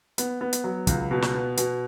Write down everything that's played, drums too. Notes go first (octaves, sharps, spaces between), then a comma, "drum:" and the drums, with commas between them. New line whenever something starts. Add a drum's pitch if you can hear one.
B3, drum: hi-hat
B3
drum: hi-hat
F#3
C#2, drum: kick, hi-hat
B2
drum: snare
B3
B2, drum: hi-hat